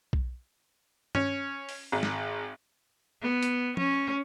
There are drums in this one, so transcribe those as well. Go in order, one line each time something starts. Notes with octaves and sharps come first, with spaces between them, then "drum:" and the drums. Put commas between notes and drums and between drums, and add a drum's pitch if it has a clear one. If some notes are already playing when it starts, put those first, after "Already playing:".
drum: kick B1
C#4, drum: tom G2
drum: open hi-hat
G#1
drum: snare
B3
drum: hi-hat
C#4, drum: tom F3